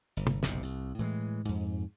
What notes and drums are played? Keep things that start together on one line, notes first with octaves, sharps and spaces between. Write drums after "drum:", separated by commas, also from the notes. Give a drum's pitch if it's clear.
G1
drum: tom
F#1 B1 C3, drum: snare
C2
A2 E3 F#3 G#3
F2 G#2